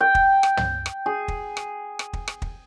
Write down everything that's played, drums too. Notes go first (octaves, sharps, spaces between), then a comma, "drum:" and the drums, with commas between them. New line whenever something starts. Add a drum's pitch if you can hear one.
G5
drum: kick
drum: rim click
drum: tom
drum: rim click
G#4
drum: kick
drum: rim click
drum: rim click
drum: kick
drum: rim click
drum: kick